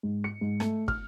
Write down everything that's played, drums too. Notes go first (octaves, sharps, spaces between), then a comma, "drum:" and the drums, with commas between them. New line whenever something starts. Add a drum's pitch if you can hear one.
G#2
C#7
G#2
A3, drum: rim click
F6, drum: kick